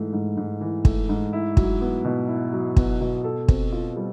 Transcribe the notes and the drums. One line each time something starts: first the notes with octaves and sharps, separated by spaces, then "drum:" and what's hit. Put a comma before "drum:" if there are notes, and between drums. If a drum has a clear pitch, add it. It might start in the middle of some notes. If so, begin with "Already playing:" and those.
Already playing: G#2 E3 A3
G#2
G#2
E3
A3, drum: kick
G#2
E4
F#3, drum: kick
B3
B2
E4
F#3
B3, drum: kick
B2
A4
C4, drum: kick
F4
G3